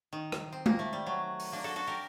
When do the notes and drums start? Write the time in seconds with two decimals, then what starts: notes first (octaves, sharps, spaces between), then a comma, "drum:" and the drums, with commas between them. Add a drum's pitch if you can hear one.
0.13 D#3
0.32 drum: rim click
0.52 C4
0.66 A#3, drum: tom G#3
0.79 A3
0.93 G3
1.06 F#3
1.39 drum: open hi-hat
1.52 A#3 D4
1.64 F#4 A4
1.76 F#4 A4
1.87 G4 A#4